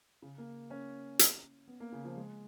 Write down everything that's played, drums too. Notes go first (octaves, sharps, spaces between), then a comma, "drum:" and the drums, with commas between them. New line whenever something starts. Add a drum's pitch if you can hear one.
C#3
A#3
C#4
drum: hi-hat
B3
A#3
C#3
F3
G#3